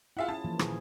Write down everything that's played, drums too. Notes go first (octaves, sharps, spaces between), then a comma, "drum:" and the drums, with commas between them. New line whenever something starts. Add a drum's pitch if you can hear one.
E4 F4 G#4 E5 F#5
C#4 E4 F4 A5
E3 F3 A#3
A#2 D#3 G#4, drum: rim click